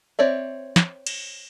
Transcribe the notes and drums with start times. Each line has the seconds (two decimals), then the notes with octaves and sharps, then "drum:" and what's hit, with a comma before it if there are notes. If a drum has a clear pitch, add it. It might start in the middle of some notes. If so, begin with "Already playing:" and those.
0.19 C4 C#5 D5 E5
0.76 drum: snare
1.07 drum: cymbal